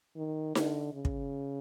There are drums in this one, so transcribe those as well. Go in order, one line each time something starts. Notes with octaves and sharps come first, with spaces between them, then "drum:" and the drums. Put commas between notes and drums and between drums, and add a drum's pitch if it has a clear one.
D#3
D3, drum: snare D#4
C#3
drum: kick